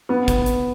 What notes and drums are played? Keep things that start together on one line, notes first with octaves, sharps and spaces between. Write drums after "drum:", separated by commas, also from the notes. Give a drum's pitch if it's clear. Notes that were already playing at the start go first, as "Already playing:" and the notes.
B3
drum: kick, hi-hat
drum: hi-hat